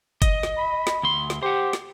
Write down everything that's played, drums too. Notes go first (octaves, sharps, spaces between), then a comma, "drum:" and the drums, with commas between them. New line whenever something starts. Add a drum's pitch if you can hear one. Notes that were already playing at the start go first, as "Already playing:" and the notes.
D#5, drum: kick F#1, hi-hat
drum: snare
B5
drum: snare
D2 C6
drum: snare
G4 C5 F#5
drum: snare